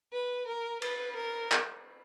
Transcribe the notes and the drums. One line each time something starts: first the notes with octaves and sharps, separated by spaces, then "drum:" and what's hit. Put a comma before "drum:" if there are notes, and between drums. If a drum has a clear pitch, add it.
B4
A#4
B4, drum: cymbal
A#4
drum: clap